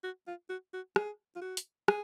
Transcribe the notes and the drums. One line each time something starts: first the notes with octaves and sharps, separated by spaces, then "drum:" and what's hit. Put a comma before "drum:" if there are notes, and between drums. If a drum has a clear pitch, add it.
F#4
F4
F#4
F#4
G#4, drum: rim click
F4
F#4
drum: hi-hat
G#4, drum: rim click